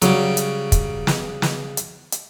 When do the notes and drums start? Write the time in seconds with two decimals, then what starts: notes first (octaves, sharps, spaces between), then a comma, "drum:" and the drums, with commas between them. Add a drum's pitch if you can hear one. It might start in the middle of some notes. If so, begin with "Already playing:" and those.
0.02 C#3 F#3 G3, drum: hi-hat
0.37 drum: hi-hat
0.72 drum: kick, hi-hat
1.07 drum: snare
1.42 drum: snare
1.77 drum: hi-hat
2.12 drum: hi-hat